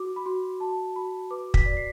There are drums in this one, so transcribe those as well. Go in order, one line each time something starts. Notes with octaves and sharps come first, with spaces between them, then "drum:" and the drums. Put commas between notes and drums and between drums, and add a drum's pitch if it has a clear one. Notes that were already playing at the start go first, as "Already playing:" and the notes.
Already playing: F#4 D6
B5
F#4 C6
F#4 A5
F#4 B5
B4 D6
B6, drum: kick
D5
C7